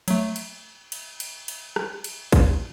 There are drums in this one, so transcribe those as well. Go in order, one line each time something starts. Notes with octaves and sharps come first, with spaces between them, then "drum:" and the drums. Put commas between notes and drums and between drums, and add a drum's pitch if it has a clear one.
F#3 A3, drum: cymbal
drum: cymbal
drum: cymbal
drum: cymbal
drum: cymbal
drum: rim click
drum: cymbal
drum: kick, cymbal